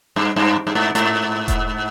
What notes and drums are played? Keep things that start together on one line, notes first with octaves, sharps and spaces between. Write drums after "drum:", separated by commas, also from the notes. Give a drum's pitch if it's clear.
G2
G2
G2
G#2
G#2, drum: hi-hat
drum: kick E1, hi-hat